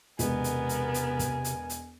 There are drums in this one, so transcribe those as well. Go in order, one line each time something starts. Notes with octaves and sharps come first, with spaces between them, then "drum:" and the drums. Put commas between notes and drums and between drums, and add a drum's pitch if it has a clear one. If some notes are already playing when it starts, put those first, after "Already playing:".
E1 C3 G#3 B3 A#4 G#5, drum: kick, hi-hat
drum: hi-hat
drum: hi-hat
drum: hi-hat
drum: kick, hi-hat
drum: hi-hat
drum: hi-hat